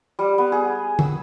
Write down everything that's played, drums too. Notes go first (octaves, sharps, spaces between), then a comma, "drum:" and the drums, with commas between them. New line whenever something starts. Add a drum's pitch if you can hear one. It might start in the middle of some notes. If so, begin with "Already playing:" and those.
G3
B3
G#4
E6, drum: tom